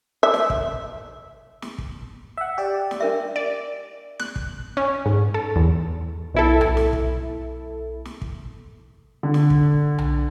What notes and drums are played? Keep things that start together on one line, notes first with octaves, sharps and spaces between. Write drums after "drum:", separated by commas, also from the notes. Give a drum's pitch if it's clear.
E5
drum: snare
drum: kick
drum: snare
drum: kick
E5 F#5
G4 D5
drum: snare
D4 A#4 E5
D5
F#6, drum: snare
drum: kick
C#4
G#2
A4
E2
B1 E4 A4
drum: tom B1
drum: snare
drum: kick
drum: snare
drum: kick
D3
drum: snare
drum: kick
drum: tom B1